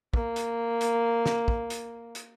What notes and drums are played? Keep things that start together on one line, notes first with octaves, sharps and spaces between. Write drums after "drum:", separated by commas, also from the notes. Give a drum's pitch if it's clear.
A#3, drum: kick
drum: hi-hat
drum: hi-hat
drum: snare
drum: kick
drum: hi-hat
drum: hi-hat